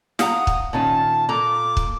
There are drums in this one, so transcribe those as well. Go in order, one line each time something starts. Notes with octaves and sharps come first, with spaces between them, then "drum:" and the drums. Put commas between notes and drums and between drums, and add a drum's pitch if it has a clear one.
F5 F#5 A#5 D#6, drum: snare
drum: kick
A#2 D#3 C#4 A5
A#2 A4 A#5 D6
drum: kick